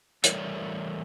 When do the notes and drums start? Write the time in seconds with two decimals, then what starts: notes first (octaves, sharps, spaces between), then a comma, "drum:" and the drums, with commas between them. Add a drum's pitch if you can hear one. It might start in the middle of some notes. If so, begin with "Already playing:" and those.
0.24 E3 G3 A3 A#4 C#5 D5, drum: hi-hat